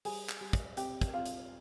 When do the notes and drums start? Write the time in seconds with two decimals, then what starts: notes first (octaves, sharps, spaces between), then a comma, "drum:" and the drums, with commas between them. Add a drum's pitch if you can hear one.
0.05 G3 G#4 G#5, drum: open hi-hat
0.29 drum: clap
0.41 G3
0.53 drum: kick, hi-hat
0.77 C3 G4 G5, drum: hi-hat
1.01 drum: kick, hi-hat
1.13 C2 F4 F5
1.26 drum: hi-hat